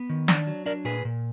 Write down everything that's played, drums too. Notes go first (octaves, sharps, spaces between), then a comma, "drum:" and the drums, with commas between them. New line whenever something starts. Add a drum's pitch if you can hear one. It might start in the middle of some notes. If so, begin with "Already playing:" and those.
Already playing: B3
D#3
D4, drum: snare
F#3
D4 A#4 D5
A#2 G#4 B4
A#2